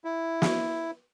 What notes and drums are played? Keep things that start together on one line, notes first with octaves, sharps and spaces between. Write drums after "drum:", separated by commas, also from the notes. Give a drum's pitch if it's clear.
E4
drum: snare